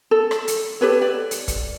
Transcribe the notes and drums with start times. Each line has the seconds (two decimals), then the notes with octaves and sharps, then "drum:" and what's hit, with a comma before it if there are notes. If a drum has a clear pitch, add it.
0.11 A4
0.31 drum: rim click
0.48 drum: hi-hat
0.81 G4 A4 B4 C#5
1.02 D5
1.31 drum: hi-hat
1.48 drum: kick, hi-hat